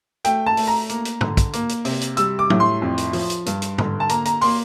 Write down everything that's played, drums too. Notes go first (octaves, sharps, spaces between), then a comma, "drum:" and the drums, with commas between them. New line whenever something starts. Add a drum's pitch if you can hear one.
A3 G5, drum: hi-hat
A5
A3, drum: open hi-hat
A#5
A#3, drum: hi-hat
drum: hi-hat
D3, drum: tom G#2
drum: kick, hi-hat
A#3, drum: hi-hat
drum: hi-hat
C3, drum: open hi-hat
drum: hi-hat
G3 E6, drum: hi-hat
D6
A2, drum: tom
C6
F2
drum: hi-hat
F3, drum: open hi-hat
drum: hi-hat
G2, drum: hi-hat
drum: hi-hat
D3, drum: tom G#2
A5
A#3 A#5, drum: hi-hat
A#5, drum: hi-hat
A#3 C6, drum: open hi-hat